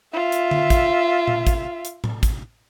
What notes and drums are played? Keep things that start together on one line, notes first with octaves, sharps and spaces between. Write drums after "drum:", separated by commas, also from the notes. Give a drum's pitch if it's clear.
F4 E5
drum: hi-hat
drum: tom D3
drum: kick, hi-hat
drum: tom A#2
drum: kick, hi-hat
drum: hi-hat
drum: tom A2
drum: kick, hi-hat